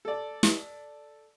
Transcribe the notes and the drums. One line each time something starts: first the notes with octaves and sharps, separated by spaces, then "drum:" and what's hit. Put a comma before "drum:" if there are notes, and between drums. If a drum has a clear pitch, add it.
A4 D5
drum: snare